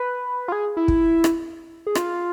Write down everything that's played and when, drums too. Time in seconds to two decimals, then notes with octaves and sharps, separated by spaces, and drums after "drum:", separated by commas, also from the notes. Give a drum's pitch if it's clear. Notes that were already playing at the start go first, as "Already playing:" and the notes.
Already playing: B4
0.48 F4
0.52 G#4
0.77 E4
0.88 drum: kick
1.24 drum: rim click
1.86 G#4
1.95 F4, drum: rim click